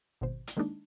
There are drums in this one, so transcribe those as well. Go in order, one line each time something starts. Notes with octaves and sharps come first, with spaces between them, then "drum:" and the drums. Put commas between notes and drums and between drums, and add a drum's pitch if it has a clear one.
G#1 B2 C5
drum: hi-hat
D#3 G#3 A#3 D4 D#4